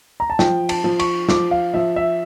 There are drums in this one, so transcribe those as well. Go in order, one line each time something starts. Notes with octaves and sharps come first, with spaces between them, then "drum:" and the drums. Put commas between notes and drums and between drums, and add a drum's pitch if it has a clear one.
A#5
A5
F3 G5, drum: snare
A5, drum: cymbal
F3
C#6, drum: cymbal
F3 D6, drum: snare
F5
F3 E5
E5